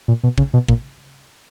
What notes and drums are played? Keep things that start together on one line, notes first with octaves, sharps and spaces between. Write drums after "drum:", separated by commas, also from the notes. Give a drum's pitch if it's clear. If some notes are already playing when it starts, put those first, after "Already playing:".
A#2
B2
C#3, drum: kick
B2
A#2, drum: kick